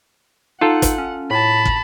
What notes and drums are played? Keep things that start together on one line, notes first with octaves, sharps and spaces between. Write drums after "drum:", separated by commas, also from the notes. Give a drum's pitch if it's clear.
D#4 F4 A4 F#5
drum: kick, hi-hat
C#4
A2 A5 B5
drum: kick